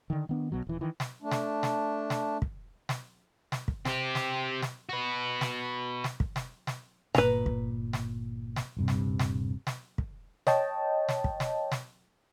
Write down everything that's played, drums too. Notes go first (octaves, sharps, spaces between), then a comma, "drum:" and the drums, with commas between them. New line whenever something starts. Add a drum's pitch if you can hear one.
D3 D#3
D#3 B3 D4
B1 B2 F#3
D#1 E3
D#3 E3
drum: snare
A3 D4
drum: snare
drum: snare
drum: snare
drum: kick
drum: snare
drum: snare
drum: kick
C4 G4, drum: snare
drum: snare
drum: snare
F#4 B4
drum: snare
drum: snare
drum: kick
drum: snare
drum: snare
G1 A#2 B4 A#5, drum: snare
drum: kick
drum: snare
drum: snare
D#1 G2 C3
drum: snare
drum: snare
drum: snare
drum: kick
C#5 D#5 G5 A5, drum: snare
drum: snare
drum: kick
drum: snare
drum: snare